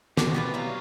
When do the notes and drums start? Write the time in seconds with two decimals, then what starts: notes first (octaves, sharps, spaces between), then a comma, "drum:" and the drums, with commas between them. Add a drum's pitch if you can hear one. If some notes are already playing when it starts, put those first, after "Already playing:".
0.17 B2 A3 F#4 G4, drum: snare
0.34 D2 C3 B3 F4 B4
0.54 F#3 G3 E4 F5 A#5